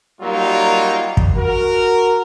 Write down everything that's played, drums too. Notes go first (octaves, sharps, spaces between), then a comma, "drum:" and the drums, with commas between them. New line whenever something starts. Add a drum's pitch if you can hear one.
F#3 G3 A#3 D#4 F4
drum: kick
F#4 A#4